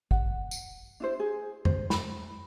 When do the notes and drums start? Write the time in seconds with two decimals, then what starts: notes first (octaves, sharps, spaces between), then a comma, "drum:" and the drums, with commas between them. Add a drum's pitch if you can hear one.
0.11 F#5, drum: kick
0.51 drum: tambourine
1.00 D4 E4 C5
1.19 G#4
1.65 C5, drum: tom F2
1.90 B5, drum: snare